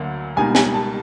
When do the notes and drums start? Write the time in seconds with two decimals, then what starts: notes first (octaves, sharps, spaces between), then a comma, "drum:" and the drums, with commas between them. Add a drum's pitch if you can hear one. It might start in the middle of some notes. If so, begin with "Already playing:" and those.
Already playing: D2 D3 F#3 A#3
0.37 C#2 B2 G3 A#3 D#4 G#5
0.55 G#5, drum: snare
0.74 A5